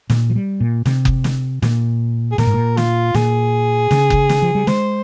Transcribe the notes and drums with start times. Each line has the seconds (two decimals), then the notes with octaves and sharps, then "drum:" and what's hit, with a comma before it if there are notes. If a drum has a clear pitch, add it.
0.10 A#2, drum: snare
0.30 F3
0.36 G3
0.60 A#2
0.86 C3, drum: snare
1.05 drum: kick F#1
1.24 drum: snare
1.62 A#2, drum: snare
2.32 G#4
2.38 A#2 A#4, drum: snare
2.46 G#2
2.54 A#2
2.77 F4, drum: snare
3.14 A#2 G#4, drum: snare
3.91 C#3, drum: snare
4.10 drum: kick F#1
4.29 drum: snare
4.42 F3
4.55 G3
4.67 G#3 C5, drum: snare